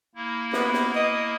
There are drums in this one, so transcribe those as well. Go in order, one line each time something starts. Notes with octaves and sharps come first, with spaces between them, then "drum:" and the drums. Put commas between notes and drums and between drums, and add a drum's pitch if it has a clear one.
A#3 E4
B3, drum: snare
drum: snare
D#5